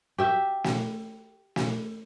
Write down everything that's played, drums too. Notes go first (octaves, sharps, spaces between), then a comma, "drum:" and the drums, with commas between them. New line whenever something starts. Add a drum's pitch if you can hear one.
G4 E5
drum: snare
drum: snare